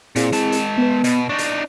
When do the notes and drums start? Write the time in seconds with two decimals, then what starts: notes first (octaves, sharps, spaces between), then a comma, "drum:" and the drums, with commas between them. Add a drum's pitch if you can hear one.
0.16 A#2 C4 E4 G#4, drum: hi-hat
0.32 G#3 A5, drum: hi-hat
0.52 drum: hi-hat
0.78 B3 B4
1.04 B2, drum: hi-hat
1.29 D4 D#4 C#6
1.38 drum: hi-hat